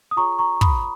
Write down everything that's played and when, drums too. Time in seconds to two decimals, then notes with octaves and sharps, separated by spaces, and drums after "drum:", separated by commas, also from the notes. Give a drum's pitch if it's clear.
0.11 D#6
0.17 F4 G#4 C#5 A#5 C#6
0.39 A#5 C#6
0.57 C#6
0.61 B5 D#6, drum: kick